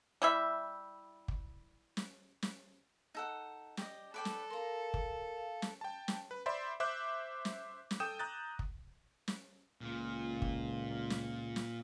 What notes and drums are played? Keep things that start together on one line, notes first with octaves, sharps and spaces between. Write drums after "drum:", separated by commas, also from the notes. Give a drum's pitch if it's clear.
G3 E4 E5
drum: kick
drum: snare
drum: snare
D#4 A4 F#5
G4 D5 D#5, drum: snare
A4 B4 D5 G5
drum: snare
A#4 F5 A#5 C6
drum: kick
F5
drum: snare
G5 A5
drum: snare
B4
C5 D5 E5 B5 C6
C5 E5 D6 F#6 G6
drum: snare
drum: snare
A4 G5 D#6 G6 E7
A#5 D#6 F#6 G6 A6
drum: kick
drum: snare
C#2 A#2
drum: kick
drum: snare
drum: snare